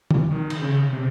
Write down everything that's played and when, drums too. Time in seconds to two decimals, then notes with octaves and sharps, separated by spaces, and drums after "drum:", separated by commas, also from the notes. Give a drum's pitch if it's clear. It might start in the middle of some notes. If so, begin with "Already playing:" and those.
0.11 drum: tom
0.31 D#3
0.50 drum: cymbal
0.62 C#3
0.93 C3